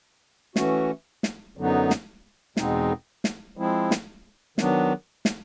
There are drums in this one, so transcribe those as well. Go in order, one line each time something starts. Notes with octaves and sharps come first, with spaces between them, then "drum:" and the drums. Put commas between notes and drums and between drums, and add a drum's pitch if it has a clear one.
E3 A3 C#4 F#4, drum: snare
drum: snare
F#2 D3 F#3 B3 D#4
drum: snare
E2 B2 G#3 C4 D#4, drum: snare
drum: snare
F3 G#3 C4 E4
drum: snare
D#3 F#3 B3 D4, drum: snare
drum: snare